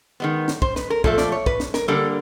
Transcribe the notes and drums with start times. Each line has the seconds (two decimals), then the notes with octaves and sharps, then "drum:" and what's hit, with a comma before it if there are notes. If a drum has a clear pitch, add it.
0.20 D#3 G#3 B3
0.48 drum: snare
0.62 C5, drum: kick
0.76 B4, drum: snare
0.90 A#4
1.04 A#2 F3 A3 A4, drum: kick
1.18 D5, drum: snare
1.32 C#5
1.46 B4, drum: kick
1.60 drum: snare
1.74 A#4, drum: snare
1.88 D3 G3 A#3 A4